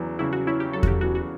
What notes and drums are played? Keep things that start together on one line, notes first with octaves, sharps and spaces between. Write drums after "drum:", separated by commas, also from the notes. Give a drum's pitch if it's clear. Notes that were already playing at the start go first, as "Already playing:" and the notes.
Already playing: E2 C#3 F#3
C#3 E4
F#4
C#4 E4
G4
F#3 A4
F#4, drum: kick E2
G4
E2 F#4
F#4